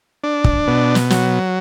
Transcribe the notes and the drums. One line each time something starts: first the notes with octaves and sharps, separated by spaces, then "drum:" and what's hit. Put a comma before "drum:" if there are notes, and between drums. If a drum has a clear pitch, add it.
D4
drum: kick
B2
drum: snare
F#3, drum: snare